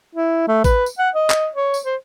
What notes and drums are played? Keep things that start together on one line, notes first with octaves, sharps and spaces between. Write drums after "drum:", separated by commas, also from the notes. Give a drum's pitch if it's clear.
E4
A3
B4, drum: kick A1, tambourine
drum: tambourine
F#5
D#5
drum: clap
C#5
drum: tambourine
C5